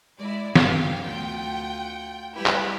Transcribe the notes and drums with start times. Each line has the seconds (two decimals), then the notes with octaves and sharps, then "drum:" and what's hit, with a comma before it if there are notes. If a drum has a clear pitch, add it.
0.19 G#3 E4 D5
0.56 G2 F5 G5, drum: snare
1.02 D2 F4 F#5 G5
2.35 G3 E4 G4 B4 B5
2.46 drum: clap